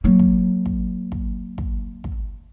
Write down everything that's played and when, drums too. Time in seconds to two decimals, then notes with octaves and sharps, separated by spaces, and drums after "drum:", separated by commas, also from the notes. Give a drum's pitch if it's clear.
0.04 F#3 A#3
0.19 drum: kick
0.66 drum: kick
1.12 drum: kick
1.58 drum: kick
2.04 drum: kick